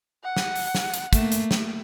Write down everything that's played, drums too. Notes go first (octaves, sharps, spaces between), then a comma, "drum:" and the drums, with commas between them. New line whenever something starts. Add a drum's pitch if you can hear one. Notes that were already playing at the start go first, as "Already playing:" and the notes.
F#5
drum: snare
drum: open hi-hat
drum: snare
drum: hi-hat
A3 A#3, drum: kick, hi-hat
drum: hi-hat
drum: snare